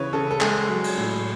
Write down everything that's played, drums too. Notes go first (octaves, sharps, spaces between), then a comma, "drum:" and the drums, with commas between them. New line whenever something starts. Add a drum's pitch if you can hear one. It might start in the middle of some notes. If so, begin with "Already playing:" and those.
Already playing: C#3 E3 B4 C#5
C#3 A4
A4
G#3 G#4, drum: clap
F#3
drum: cymbal
A2